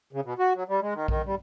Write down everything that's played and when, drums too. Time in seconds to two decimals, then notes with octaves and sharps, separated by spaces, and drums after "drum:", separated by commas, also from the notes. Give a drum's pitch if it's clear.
0.13 C#3
0.25 B2
0.39 F#4
0.55 F#3
0.69 G3
0.81 G#3
0.94 D#3
1.08 D#3, drum: kick A#1
1.25 G3